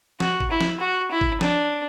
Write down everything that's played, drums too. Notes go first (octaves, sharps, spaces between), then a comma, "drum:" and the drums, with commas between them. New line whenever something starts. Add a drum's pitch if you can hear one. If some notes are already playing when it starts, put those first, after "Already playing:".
F#4, drum: snare
drum: kick G#1
E4
drum: snare
F#4
E4
drum: kick G#1
D4, drum: snare